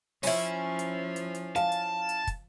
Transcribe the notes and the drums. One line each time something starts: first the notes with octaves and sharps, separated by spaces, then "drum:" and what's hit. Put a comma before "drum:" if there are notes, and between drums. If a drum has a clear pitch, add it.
F3 C#4 E4, drum: open hi-hat
drum: hi-hat
drum: hi-hat
drum: hi-hat
F5 A5, drum: hi-hat
drum: hi-hat
drum: hi-hat
drum: kick, hi-hat